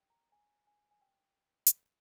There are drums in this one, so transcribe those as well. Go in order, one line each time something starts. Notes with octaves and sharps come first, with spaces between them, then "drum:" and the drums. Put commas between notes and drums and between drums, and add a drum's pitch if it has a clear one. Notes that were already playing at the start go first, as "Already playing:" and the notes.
Already playing: G5
A#5
G#5
G#5
G#5
G5
drum: hi-hat